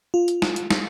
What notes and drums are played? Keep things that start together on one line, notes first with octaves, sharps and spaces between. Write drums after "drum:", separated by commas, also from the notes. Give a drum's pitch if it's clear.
F4
drum: hi-hat
drum: snare
drum: hi-hat
drum: snare